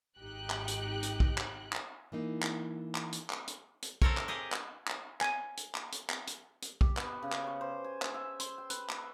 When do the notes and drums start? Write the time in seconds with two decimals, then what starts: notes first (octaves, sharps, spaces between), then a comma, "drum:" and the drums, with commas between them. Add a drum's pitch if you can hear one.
0.18 G#1 D#4 G4 G5 F#6
0.50 drum: clap
0.68 drum: hi-hat
1.03 drum: hi-hat
1.20 drum: kick
1.38 drum: clap
1.73 drum: clap
2.12 E3 A#3 D#4
2.43 drum: clap
2.95 drum: clap
3.13 drum: hi-hat
3.30 drum: clap
3.47 drum: hi-hat
3.82 drum: hi-hat
4.02 C4 A4 A#4 C#5, drum: kick
4.17 drum: clap
4.28 G4 G#4 D#5
4.52 drum: clap
4.87 drum: clap
5.21 G#5, drum: clap
5.57 drum: hi-hat
5.75 drum: clap
5.92 drum: hi-hat
6.10 drum: clap
6.27 drum: hi-hat
6.62 drum: hi-hat
6.81 G4, drum: kick
6.97 B3, drum: clap
7.23 C#3
7.32 drum: clap
7.47 C#5
7.61 C5
7.84 G#5
8.02 drum: clap
8.14 E5
8.40 C6, drum: hi-hat
8.58 G5
8.70 B4, drum: hi-hat
8.90 B5, drum: clap